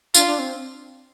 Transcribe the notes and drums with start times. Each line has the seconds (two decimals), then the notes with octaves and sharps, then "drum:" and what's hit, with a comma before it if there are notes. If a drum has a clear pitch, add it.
0.14 D4 F4, drum: tambourine
0.26 D4
0.39 C4